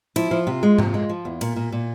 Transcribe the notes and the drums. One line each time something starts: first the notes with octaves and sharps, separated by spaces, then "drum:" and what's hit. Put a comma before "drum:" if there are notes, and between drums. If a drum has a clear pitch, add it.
F3 E4, drum: cymbal
F3
C3 F4
G#3
C3, drum: tom G#2
G#3
F3
E2
A#2, drum: cymbal
A#2
A#2